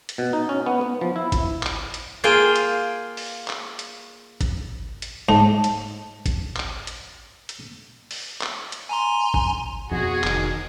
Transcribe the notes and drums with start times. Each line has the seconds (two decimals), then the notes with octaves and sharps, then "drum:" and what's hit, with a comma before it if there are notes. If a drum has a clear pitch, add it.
0.09 drum: hi-hat
0.18 B2
0.33 D#4
0.49 C#4
0.66 B3
0.81 B3
1.01 F3
1.16 E4
1.32 drum: kick G#1, hi-hat
1.63 drum: clap
1.94 drum: hi-hat
2.24 A#3 F4 G#4 G5
2.56 drum: hi-hat
3.17 drum: open hi-hat
3.48 drum: clap
3.79 drum: hi-hat
4.41 drum: kick G#1, hi-hat
5.02 drum: hi-hat
5.29 G#2 A5
5.64 drum: hi-hat
6.26 drum: kick G#1, hi-hat
6.56 drum: clap
6.87 drum: hi-hat
7.49 drum: hi-hat
8.11 drum: open hi-hat
8.42 drum: clap
8.72 drum: hi-hat
8.89 G#5 A#5 C6
9.34 drum: kick G#1
9.91 F2 B2 F#4 G#4
10.24 F1 D#3, drum: clap